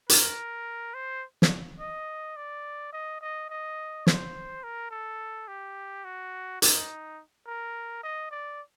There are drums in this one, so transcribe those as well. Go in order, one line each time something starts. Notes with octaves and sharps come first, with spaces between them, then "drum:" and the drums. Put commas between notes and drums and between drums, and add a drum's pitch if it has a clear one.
A#4, drum: hi-hat
C5
drum: snare
D#5
D5
D#5
D#5
D#5
C5, drum: snare
A#4
A4
G4
F#4
D#4, drum: hi-hat
A#4
D#5
D5